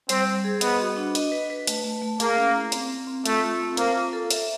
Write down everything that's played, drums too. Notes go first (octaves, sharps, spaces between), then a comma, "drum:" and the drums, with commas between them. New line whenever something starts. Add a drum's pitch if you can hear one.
G3 C4, drum: hi-hat
G3
G#4
B3 D#5, drum: hi-hat
F#4
D4
D#5, drum: hi-hat
B4
B4
A3, drum: hi-hat
A3
A3
A#3 G#4, drum: hi-hat
C#4
E4
C4, drum: hi-hat
C4
C4
A3 F4, drum: hi-hat
F4
C4
A#3 C5, drum: hi-hat
F4
A4
E5, drum: hi-hat